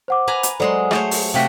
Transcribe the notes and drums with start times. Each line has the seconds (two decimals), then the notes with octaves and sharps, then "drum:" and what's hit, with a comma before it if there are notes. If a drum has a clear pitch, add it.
0.08 C5 F#5 D6
0.28 B4 G#5 A#5
0.43 drum: hi-hat
0.60 F#3 G#3 A4 C5 D5 C6
0.91 A3 G#4 C5 C#5, drum: rim click
1.11 drum: open hi-hat
1.34 C3 A3 F#4 F5 G5 B6